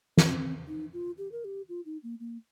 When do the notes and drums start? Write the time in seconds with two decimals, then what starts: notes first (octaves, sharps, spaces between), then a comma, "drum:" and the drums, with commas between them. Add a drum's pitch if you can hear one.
0.17 C4, drum: snare
0.68 D#4
0.93 F4
1.18 G4
1.32 A#4
1.45 G4
1.69 F4
1.86 D#4
2.03 A#3
2.20 A#3